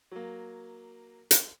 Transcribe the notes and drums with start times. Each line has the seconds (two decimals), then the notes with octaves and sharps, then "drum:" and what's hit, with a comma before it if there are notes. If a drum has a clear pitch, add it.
0.11 F#3 A#3
1.31 drum: hi-hat